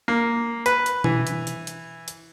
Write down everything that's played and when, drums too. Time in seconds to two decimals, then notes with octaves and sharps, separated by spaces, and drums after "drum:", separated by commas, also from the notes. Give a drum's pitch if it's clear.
0.08 A#3
0.66 B4, drum: hi-hat
0.86 drum: hi-hat
1.04 E3, drum: tom B2
1.27 drum: hi-hat
1.47 drum: hi-hat
1.67 drum: hi-hat
2.08 drum: hi-hat